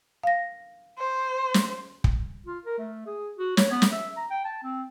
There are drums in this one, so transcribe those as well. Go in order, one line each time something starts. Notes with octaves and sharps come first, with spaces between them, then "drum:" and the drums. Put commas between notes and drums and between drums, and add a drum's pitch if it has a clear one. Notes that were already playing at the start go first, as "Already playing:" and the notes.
F5 A#6
C5
drum: snare
drum: kick
F4
A#4
A3
G#4
F#4
C#5, drum: snare
B3
drum: snare
E5
A#5
G5
A5
C4